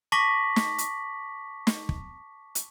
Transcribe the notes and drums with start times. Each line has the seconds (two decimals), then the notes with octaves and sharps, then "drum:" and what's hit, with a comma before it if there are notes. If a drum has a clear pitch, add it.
0.12 A5 C#6 D6 A#6 B6 F#7
0.56 drum: snare
0.78 drum: hi-hat
1.67 drum: snare
1.89 drum: kick
2.55 drum: hi-hat